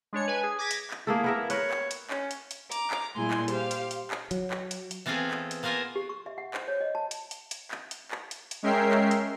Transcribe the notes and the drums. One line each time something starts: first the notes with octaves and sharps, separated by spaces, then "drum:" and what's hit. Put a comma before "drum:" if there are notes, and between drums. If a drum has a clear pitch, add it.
G#3 D4 C#5 C#7
B4 G#5
G#4
D6 G#6 A#6 B6
drum: hi-hat
drum: clap
A#3 E4 G#4 A4
B3 A#4 E5
A#4 B4 C#5, drum: hi-hat
drum: clap
drum: hi-hat
C#4, drum: clap
drum: hi-hat
drum: hi-hat
A#5 D6, drum: hi-hat
drum: clap
A#2 G3 E4 G#4 C6
drum: clap
G4 C5 F5, drum: hi-hat
drum: hi-hat
drum: hi-hat
drum: clap
F#3, drum: hi-hat
drum: clap
drum: hi-hat
drum: hi-hat
E3 B3 C4 F4 G#4 A4
drum: clap
drum: hi-hat
A#3 B3 F4 A#4 C5 G#5
G4
C#6
E5
F#5
C5, drum: clap
C#5
D#5
A5
drum: hi-hat
drum: hi-hat
drum: hi-hat
drum: clap
drum: hi-hat
drum: clap
drum: hi-hat
drum: hi-hat
G#3 C#4 A#4 E5 G5 C7
drum: clap
drum: hi-hat